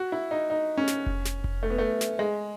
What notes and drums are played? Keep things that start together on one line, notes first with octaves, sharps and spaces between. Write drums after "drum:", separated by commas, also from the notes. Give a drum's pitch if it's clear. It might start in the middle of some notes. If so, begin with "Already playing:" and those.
Already playing: F#4
E4
D#4
D#4
C#4
drum: snare
drum: kick F1
drum: snare
drum: kick F1
A3
B3
A3
drum: snare
G#3